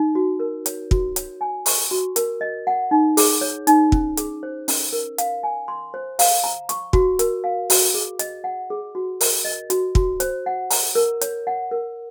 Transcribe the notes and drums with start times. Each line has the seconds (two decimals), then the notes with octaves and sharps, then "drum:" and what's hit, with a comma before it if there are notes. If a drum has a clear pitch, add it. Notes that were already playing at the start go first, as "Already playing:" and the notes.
Already playing: D#4
0.15 F#4
0.40 A#4
0.66 C#5, drum: hi-hat
0.91 F#4, drum: kick
1.16 C#5, drum: hi-hat
1.41 G#5
1.66 C#6, drum: open hi-hat
1.91 F#4
2.16 A#4, drum: hi-hat
2.41 D#5
2.67 F#5
2.91 D#4
3.17 G#4, drum: open hi-hat
3.41 C#5
3.67 D#4, drum: hi-hat
3.92 C#4, drum: kick
4.17 G#4, drum: hi-hat
4.43 C5
4.68 C#4, drum: open hi-hat
4.93 A#4
5.18 F5, drum: hi-hat
5.43 G#5
5.68 C6
5.94 C5
6.19 F5, drum: open hi-hat
6.44 A#5
6.69 C#6, drum: hi-hat
6.93 F#4, drum: kick
7.19 A#4, drum: hi-hat
7.44 F5
7.70 F#4, drum: open hi-hat
7.94 G#4
8.19 D#5, drum: hi-hat
8.44 F#5
8.70 G#4
8.95 F#4
9.21 A#4, drum: open hi-hat
9.45 D#5
9.70 F#4, drum: hi-hat
9.95 F#4, drum: kick
10.20 C5, drum: hi-hat
10.46 F#5
10.70 A#5, drum: open hi-hat
10.95 A#4
11.21 C#5, drum: hi-hat
11.47 F#5
11.71 A#4